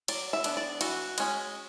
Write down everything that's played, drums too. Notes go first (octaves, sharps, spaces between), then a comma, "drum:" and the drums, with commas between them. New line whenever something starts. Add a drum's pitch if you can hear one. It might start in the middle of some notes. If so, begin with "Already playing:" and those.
F#3 D5, drum: cymbal
E5
B3 D4, drum: cymbal
D5
E3 F#4, drum: cymbal
G#3 C#4, drum: cymbal